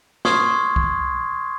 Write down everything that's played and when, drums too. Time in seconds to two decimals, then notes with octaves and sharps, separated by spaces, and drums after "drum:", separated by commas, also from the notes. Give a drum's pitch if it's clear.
0.25 C6 C#6 D#6 F6 G#6 C7, drum: snare
0.76 drum: kick